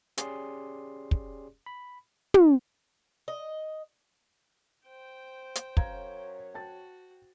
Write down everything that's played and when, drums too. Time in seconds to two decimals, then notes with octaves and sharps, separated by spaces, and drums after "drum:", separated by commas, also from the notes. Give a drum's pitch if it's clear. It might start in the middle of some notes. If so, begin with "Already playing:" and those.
0.17 C#4 G4 G#4 D5 C6, drum: hi-hat
1.11 drum: kick
1.66 B5
2.34 drum: tom
3.28 D#5
4.87 C5 G5
5.55 drum: hi-hat
5.77 F#2 C#5 F5 A#5 G#6, drum: kick
6.54 F#4 G5 A5 A6